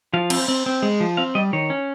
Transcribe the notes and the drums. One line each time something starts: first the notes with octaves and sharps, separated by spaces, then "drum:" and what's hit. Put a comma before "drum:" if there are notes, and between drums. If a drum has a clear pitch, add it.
F3 F5
C4, drum: cymbal
C4
C4
G#3
F3
C4 F5
G3 D#5
D#3 C#5
C#4